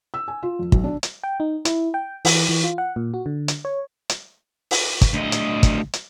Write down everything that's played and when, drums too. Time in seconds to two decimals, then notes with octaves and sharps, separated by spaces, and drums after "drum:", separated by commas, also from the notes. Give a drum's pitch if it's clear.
0.14 E6
0.28 G#5
0.43 F4
0.59 F2
0.72 B1, drum: kick
0.84 D4
1.03 drum: hi-hat
1.24 G5
1.40 D#4
1.65 E4, drum: hi-hat
1.94 G5
2.25 E3, drum: open hi-hat
2.49 E3
2.64 F4
2.78 F#5
2.96 A#2
3.14 F#4
3.26 D3
3.48 drum: hi-hat
3.65 C#5
4.09 drum: hi-hat
4.71 drum: open hi-hat
5.01 drum: kick, hi-hat
5.13 D2 D#5
5.32 drum: hi-hat
5.63 drum: kick, hi-hat
5.93 drum: hi-hat